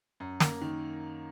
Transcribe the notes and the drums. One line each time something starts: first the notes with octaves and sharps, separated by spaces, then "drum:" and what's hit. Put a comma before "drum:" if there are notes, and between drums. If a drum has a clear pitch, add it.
F#2
A#3, drum: snare
D#3